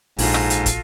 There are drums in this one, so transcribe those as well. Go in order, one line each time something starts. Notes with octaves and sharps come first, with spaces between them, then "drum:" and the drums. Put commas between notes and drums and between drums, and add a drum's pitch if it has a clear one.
A#1 G#2 F4 F#4 A4, drum: open hi-hat
drum: rim click
drum: hi-hat
drum: kick, hi-hat